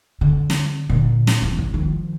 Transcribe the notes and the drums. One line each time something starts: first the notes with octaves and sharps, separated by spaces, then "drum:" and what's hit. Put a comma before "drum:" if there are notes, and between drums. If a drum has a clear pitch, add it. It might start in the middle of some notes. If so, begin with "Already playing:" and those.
D3
drum: snare
A#2 D3
drum: snare
E3 E4
drum: kick
D#3 F3